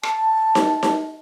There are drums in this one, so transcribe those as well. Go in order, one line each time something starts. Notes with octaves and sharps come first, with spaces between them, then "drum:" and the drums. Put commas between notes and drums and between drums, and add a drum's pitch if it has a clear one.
A5, drum: rim click
drum: snare D#4
drum: snare D#4